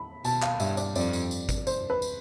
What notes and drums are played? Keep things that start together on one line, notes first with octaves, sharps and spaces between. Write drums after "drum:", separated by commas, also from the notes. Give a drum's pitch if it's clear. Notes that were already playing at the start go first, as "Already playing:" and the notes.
Already playing: B5
B2 A5, drum: tambourine
F5, drum: clap
G2 E5, drum: tambourine
D5, drum: tambourine
F2 D5, drum: tambourine
drum: tambourine
drum: tambourine
drum: kick G#1, tambourine
C5, drum: tambourine
B4
drum: tambourine